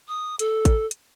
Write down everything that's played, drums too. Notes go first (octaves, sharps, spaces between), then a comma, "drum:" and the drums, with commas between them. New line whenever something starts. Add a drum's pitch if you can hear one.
D#6
A4, drum: hi-hat
drum: kick A1, hi-hat
drum: hi-hat